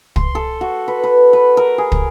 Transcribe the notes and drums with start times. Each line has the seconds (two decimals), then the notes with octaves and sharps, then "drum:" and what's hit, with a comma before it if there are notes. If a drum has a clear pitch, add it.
0.16 C6, drum: kick
0.35 A4
0.61 F#4
0.88 B4
1.04 B4
1.33 B4
1.57 A#4
1.78 G#4
1.92 drum: kick